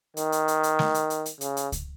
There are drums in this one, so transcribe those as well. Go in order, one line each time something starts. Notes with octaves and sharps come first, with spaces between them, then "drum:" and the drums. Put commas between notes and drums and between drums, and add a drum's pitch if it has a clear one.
D#3, drum: hi-hat
drum: hi-hat
drum: hi-hat
drum: hi-hat
drum: snare
drum: hi-hat
drum: hi-hat
drum: hi-hat
C#3, drum: hi-hat
drum: hi-hat
drum: kick C#2, hi-hat